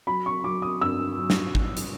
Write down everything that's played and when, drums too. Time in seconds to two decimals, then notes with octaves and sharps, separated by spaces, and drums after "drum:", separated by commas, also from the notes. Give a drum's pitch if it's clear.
0.07 F#3 B5
0.26 C#6
0.44 F#3 D6
0.62 D#6
0.81 G2 E6
1.18 F#3
1.30 drum: snare
1.55 F#3, drum: kick
1.77 drum: hi-hat